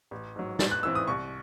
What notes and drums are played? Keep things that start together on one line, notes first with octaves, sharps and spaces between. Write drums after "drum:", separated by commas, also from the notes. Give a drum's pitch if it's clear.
A1
G#2 F#3
A1 A6, drum: snare
F#6
G#2 E3 C4 E6
D#6
C2 C#6